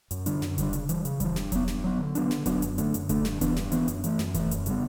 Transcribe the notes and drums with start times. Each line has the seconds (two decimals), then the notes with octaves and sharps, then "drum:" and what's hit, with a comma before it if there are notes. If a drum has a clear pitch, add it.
0.11 F#2, drum: hi-hat
0.26 D3 G3 D4, drum: hi-hat
0.42 F#2, drum: snare
0.58 D3 G3 D4, drum: kick E1, hi-hat
0.73 C#3, drum: hi-hat
0.89 E3 G3, drum: hi-hat
1.05 C#3, drum: hi-hat
1.20 E3 G3, drum: kick E1, hi-hat
1.36 G2, drum: snare
1.52 F#3 B3, drum: kick E1, hi-hat
1.68 G2, drum: snare
1.84 F#3 B3
1.99 D3
2.15 F#3 B3 D4, drum: hi-hat
2.31 D3, drum: snare
2.46 F#3 B3 D4, drum: kick E1, hi-hat
2.62 F#2, drum: hi-hat
2.78 D3 A3 D4, drum: hi-hat
2.94 F#2, drum: hi-hat
3.09 D3 A3 D4, drum: kick E1, hi-hat
3.25 G2, drum: snare
3.41 E3 B3 D4, drum: kick E1, hi-hat
3.56 G2, drum: snare
3.72 E3 B3 D4, drum: hi-hat
3.88 F#2, drum: hi-hat
4.04 E3 A3, drum: hi-hat
4.19 F#2, drum: snare
4.34 E3 A3, drum: kick E1, hi-hat
4.51 F#2, drum: hi-hat
4.66 C#3 G3 B3, drum: hi-hat